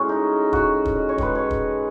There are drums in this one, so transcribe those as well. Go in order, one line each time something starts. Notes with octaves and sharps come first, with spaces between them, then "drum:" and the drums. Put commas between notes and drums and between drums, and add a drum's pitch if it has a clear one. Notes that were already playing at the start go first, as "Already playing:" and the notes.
Already playing: A2 G#3 C#4 F#4
D#4
F#4, drum: kick
drum: kick
D#5
C#5
D#3 G#3 B4, drum: kick
C#5
drum: kick